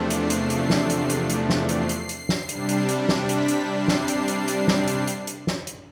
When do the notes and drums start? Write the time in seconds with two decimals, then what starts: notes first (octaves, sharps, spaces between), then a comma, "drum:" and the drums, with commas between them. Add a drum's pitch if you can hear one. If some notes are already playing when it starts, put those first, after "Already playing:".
Already playing: E2 C3 F3 A3 D4
0.10 C7, drum: hi-hat
0.30 drum: hi-hat
0.50 drum: hi-hat
0.70 drum: snare
0.90 drum: hi-hat
1.10 drum: hi-hat
1.30 drum: hi-hat
1.49 drum: snare
1.69 C7, drum: hi-hat
1.89 drum: hi-hat
2.09 drum: hi-hat
2.29 drum: snare
2.49 C3 G3 D4, drum: hi-hat
2.69 drum: hi-hat
2.89 drum: hi-hat
3.09 drum: snare
3.29 B6, drum: hi-hat
3.48 drum: hi-hat
3.68 C7
3.88 drum: snare
4.08 drum: hi-hat
4.28 drum: hi-hat
4.48 drum: hi-hat
4.68 drum: snare
4.88 drum: hi-hat
5.07 drum: hi-hat
5.27 drum: hi-hat
5.47 drum: snare
5.67 drum: hi-hat